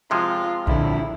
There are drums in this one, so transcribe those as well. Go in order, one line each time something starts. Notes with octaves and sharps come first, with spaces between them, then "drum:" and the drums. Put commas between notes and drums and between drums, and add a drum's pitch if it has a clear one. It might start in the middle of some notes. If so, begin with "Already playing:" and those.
C3 F3 G#3 F4
A#1 D3 E4, drum: kick